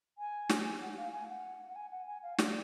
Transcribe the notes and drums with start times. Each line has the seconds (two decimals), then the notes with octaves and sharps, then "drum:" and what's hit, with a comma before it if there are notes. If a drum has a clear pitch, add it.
0.18 G#5
0.50 drum: snare
0.81 F#5
0.97 F5
1.13 G#5
1.28 F#5
1.69 F#5
1.75 G#5
1.91 F#5
2.07 G#5
2.23 F5
2.39 D5, drum: snare